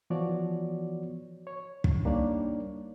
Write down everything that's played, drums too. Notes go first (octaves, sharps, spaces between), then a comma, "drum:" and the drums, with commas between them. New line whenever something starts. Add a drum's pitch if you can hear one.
E3 F3 B3 F#4 C#5 D5
C#5
drum: kick
G3 A#3 D4 D#4 C#5 D5